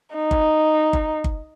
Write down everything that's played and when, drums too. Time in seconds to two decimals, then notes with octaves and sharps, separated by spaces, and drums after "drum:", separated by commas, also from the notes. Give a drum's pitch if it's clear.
0.15 D#4
0.31 drum: kick G1
0.93 drum: kick G1
1.24 drum: kick G1